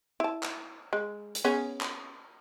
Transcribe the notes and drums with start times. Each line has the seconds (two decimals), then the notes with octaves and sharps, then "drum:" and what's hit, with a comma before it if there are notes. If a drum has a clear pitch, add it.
0.20 E4 A5
0.43 drum: clap
0.93 G#3
1.35 drum: hi-hat
1.45 B3 C#4 G#4
1.81 drum: clap